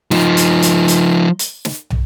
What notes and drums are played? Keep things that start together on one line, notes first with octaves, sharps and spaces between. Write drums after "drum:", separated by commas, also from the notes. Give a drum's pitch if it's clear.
F3 D#4, drum: snare
drum: hi-hat
drum: hi-hat
drum: hi-hat
drum: hi-hat
drum: snare
drum: tom